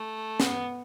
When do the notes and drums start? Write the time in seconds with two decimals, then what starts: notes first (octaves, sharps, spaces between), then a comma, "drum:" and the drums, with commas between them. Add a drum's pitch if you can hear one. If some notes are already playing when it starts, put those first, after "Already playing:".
Already playing: A3
0.40 B3, drum: snare